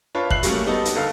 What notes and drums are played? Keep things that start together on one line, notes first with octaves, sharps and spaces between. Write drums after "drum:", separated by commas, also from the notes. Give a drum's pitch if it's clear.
D4 F4 B4 C#5
E5 F#6 C7 F#7, drum: kick
F#3 G3 A3 A#3 C#4, drum: hi-hat
G3 B3 D#4 A4
drum: hi-hat
G1 A4 F5